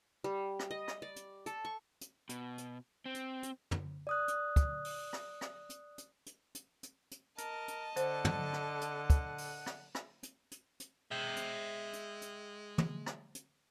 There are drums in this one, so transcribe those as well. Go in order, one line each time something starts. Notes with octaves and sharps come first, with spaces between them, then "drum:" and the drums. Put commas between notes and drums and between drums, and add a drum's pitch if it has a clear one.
G3
drum: rim click
D#5
drum: rim click
D5
drum: hi-hat
A4, drum: hi-hat
C#6
drum: hi-hat
B2, drum: hi-hat
drum: hi-hat
C4
drum: hi-hat
drum: hi-hat
drum: tom
D5 D#6 F#6
drum: hi-hat
drum: kick, hi-hat
drum: open hi-hat
drum: rim click
drum: rim click
drum: hi-hat
drum: hi-hat
drum: hi-hat
drum: hi-hat
drum: hi-hat
drum: hi-hat
A#4 D#5 A5, drum: hi-hat
drum: hi-hat
D3 C5 F#5, drum: hi-hat
drum: tom
drum: rim click
drum: hi-hat
drum: kick, hi-hat
drum: open hi-hat
drum: rim click
drum: rim click
drum: hi-hat
drum: hi-hat
drum: hi-hat
G#3 E5 G5
drum: hi-hat
drum: hi-hat
drum: hi-hat
drum: tom
drum: rim click
drum: hi-hat